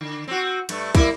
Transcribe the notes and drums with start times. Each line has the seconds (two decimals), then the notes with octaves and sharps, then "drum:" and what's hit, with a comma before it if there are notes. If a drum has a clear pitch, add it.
0.01 D3
0.28 C4 F#4
0.69 G2 A3, drum: cymbal
0.95 G3 A#3 E4, drum: kick, cymbal